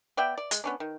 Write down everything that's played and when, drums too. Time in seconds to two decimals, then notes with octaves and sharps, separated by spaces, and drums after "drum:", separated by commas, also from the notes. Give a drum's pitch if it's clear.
0.17 B3 D5 E5 G5
0.38 D5
0.51 G#3, drum: hi-hat
0.64 B3 C#4 D4
0.80 D#3